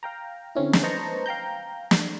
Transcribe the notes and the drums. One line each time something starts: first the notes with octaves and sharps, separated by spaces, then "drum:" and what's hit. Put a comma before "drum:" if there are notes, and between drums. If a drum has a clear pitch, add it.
F5 G5 A#5
D3 C4 C#4 E4
drum: snare
B4 C5 D#5 A5 A#5 C#6
F5 G5 A#5 G6
drum: snare